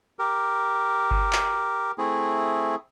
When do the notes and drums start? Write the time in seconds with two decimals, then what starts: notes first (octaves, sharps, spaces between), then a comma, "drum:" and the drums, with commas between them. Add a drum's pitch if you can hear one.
0.19 G4 A#4
1.11 drum: kick G1
1.33 drum: clap
1.98 A3 C4 E4 G#4